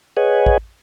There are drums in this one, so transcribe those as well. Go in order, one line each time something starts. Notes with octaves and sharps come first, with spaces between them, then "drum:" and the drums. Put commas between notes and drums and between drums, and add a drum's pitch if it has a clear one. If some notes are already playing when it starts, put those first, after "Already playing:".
G#4 B4 C#5 D#5 F#5 G#5
drum: kick